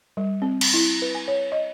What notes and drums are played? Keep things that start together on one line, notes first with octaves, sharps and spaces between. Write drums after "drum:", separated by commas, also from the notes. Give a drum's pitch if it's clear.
G3
C4
drum: cymbal
E4
B4
G#5
C#5
D#5